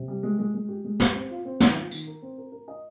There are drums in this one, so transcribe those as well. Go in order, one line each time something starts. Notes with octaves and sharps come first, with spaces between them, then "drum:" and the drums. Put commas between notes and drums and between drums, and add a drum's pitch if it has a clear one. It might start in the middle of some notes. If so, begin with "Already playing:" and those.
Already playing: C3
G3
G#3
G#3
G#3
G4
G#3
G4, drum: snare
C4
F4
C4
D#3, drum: snare
F4
D#3, drum: tambourine
A#4
C4
A#4
A#4
D#5